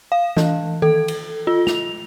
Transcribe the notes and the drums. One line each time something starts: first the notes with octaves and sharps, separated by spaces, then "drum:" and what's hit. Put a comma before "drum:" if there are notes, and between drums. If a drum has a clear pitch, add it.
F5
E3, drum: snare
A4, drum: tom D#3
drum: cymbal
F4
F7, drum: snare